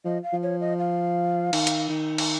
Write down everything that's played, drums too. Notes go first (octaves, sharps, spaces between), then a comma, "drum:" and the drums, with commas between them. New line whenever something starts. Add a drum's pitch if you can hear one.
F3 D#5
F5
F3
C#5
D#5
F5
D#3, drum: cymbal
drum: hi-hat
D#3
drum: cymbal